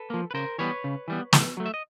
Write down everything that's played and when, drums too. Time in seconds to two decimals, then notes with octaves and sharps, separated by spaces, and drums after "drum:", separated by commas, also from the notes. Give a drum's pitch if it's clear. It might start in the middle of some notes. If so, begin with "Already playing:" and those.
Already playing: A4 B4
0.10 F3 A#3
0.31 B4
0.34 C#3 A#4 C5
0.58 E3 G3 B3 B4 C#5
0.84 C#3
1.08 E3 G3 B3
1.33 A2, drum: snare
1.57 F#3 A3
1.66 E5
1.74 D#5